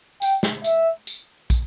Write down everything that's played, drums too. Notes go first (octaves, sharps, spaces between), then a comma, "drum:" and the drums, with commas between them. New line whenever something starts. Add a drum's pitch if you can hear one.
G5, drum: tambourine
drum: snare
E5, drum: tambourine
drum: tambourine
drum: kick, tambourine